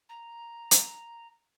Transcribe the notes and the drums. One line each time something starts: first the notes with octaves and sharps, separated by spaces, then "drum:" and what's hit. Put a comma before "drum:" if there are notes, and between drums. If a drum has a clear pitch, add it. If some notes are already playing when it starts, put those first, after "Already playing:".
A#5
drum: hi-hat